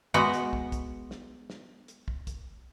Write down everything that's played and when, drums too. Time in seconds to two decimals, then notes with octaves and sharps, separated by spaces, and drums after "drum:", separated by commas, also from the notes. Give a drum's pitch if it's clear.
0.14 G#3 B3 F#4
0.34 drum: hi-hat
0.53 drum: kick
0.72 drum: kick, hi-hat
1.11 drum: snare
1.50 drum: snare
1.88 drum: hi-hat
2.08 drum: kick
2.27 drum: kick, hi-hat